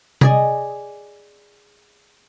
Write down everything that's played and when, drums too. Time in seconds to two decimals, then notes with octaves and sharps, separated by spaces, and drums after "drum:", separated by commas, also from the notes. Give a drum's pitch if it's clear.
0.21 G#4 D5 D#5, drum: tom C3